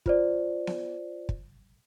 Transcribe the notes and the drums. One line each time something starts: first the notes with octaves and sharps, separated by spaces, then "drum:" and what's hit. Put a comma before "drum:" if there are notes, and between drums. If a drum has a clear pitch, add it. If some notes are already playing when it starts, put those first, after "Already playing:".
F4 C5 D5, drum: kick
drum: snare B3
drum: kick